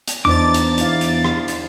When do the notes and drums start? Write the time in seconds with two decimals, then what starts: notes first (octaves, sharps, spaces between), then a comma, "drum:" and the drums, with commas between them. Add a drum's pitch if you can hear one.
0.08 drum: hi-hat
0.25 E2 D4 D#4 C5 D6 A6
0.54 drum: hi-hat
0.78 E4 F5, drum: hi-hat
1.01 drum: hi-hat
1.25 drum: rim click
1.48 drum: hi-hat